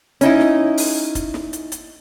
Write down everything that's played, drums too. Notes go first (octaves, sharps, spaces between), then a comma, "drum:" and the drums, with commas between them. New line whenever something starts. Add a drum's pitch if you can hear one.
C#4 D#4 E4, drum: hi-hat
drum: snare
drum: open hi-hat
drum: kick, hi-hat
drum: snare
drum: hi-hat
drum: hi-hat